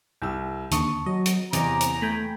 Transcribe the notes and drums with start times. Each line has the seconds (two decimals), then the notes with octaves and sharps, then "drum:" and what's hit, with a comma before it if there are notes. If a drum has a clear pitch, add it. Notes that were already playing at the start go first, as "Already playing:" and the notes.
0.22 C2 G5 E6
0.71 D#2 D3 A5 C#6 D#6, drum: hi-hat
1.06 F#3 D#5
1.26 drum: hi-hat
1.53 E2 C3 D5 D#5 A#5 D6, drum: hi-hat
1.81 drum: hi-hat
2.02 A3 G5 G#5 B5